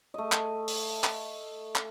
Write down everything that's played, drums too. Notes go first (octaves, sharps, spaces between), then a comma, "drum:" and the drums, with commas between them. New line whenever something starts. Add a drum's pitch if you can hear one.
A3 D#5
drum: clap
drum: open hi-hat
drum: clap
drum: clap